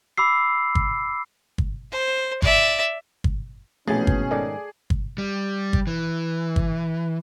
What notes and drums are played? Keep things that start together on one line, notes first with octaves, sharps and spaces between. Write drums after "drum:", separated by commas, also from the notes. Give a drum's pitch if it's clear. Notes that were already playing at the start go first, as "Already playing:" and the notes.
B5 D6 E6 C7
drum: kick G1
drum: kick G1
C5
D5 E5, drum: kick G1
drum: kick G1
A#1 B2 E3 A3 C#4 G#4 G6 A6
drum: kick G1
G#2 D#3 A4 D5 D6
drum: kick G1
G3
drum: kick G1
E3
drum: kick G1